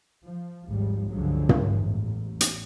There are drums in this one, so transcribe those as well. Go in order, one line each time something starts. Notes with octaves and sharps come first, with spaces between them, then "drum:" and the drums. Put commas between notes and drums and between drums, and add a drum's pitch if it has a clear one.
F3
G#1 D#2 G#2 F3 G3
C#2 G2 D3 F3 F#3 G#3
drum: tom
A1 E2 A2
drum: hi-hat